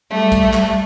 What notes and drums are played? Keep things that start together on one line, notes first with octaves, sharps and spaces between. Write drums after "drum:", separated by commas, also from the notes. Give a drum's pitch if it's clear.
G3 A3
drum: kick A#1, hi-hat
drum: clap